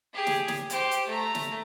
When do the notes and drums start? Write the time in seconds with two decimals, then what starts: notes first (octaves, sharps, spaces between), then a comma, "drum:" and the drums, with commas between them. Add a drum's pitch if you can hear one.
0.13 G4 G#4
0.27 drum: snare
0.48 drum: snare
0.70 G4 C5, drum: hi-hat
0.91 drum: hi-hat
1.07 A3 A#5
1.35 drum: snare